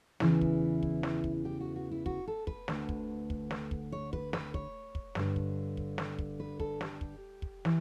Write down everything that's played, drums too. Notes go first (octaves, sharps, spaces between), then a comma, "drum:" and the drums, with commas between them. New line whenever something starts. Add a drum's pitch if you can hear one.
E2 C#3 E3 E4, drum: snare
drum: kick
drum: kick
drum: snare
drum: kick
G4
F#4
F#4
E4
F#4, drum: kick
A4
B4, drum: kick
D2 D3, drum: snare
drum: kick
drum: kick
drum: snare
drum: kick
C#5
B4, drum: kick
B4, drum: snare
C#5, drum: kick
drum: kick
G2 D3, drum: snare
drum: kick
drum: kick
drum: snare
drum: kick
B4
A4, drum: kick
G4, drum: snare
drum: kick
drum: kick
E3, drum: snare